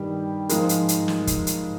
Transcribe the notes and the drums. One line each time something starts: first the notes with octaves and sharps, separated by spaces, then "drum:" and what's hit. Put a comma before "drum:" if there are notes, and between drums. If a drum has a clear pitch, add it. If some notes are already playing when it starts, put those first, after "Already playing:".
Already playing: G2 D#3 G3 G4
G#2 F3 G#3 A#4, drum: hi-hat
drum: hi-hat
drum: hi-hat
drum: snare
drum: kick, hi-hat
drum: hi-hat